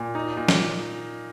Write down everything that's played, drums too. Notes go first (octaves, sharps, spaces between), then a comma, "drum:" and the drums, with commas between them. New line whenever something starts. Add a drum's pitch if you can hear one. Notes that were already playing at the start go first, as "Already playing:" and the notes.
Already playing: A#2
D#4
A#2
drum: snare